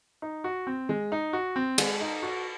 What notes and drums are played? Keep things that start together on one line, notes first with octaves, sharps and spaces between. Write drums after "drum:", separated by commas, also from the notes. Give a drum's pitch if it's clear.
D#4
F#4
C4
G#3
D#4
F#4
C4
G#3, drum: cymbal
D#4
F#4